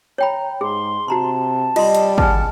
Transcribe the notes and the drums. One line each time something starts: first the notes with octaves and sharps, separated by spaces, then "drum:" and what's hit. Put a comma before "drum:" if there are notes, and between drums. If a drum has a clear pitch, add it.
C#5 G5 A#5 B5
G#2 G#4 C6
C3 F#4 A5 A#5 C6
G3 F4 D#5 C6, drum: cymbal
drum: hi-hat
C#4 G#4 F#5 G#5 A5 F6, drum: kick